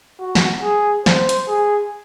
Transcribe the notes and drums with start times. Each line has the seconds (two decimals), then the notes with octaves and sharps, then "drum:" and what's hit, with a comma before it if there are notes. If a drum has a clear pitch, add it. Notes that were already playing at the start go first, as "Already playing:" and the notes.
0.20 F#4
0.35 drum: snare
0.62 G#4
1.06 C5, drum: snare
1.29 drum: hi-hat
1.48 G#4